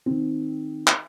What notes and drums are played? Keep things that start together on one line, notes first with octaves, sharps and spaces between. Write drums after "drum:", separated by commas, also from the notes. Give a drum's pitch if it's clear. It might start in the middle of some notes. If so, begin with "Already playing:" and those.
D#3 C4
drum: clap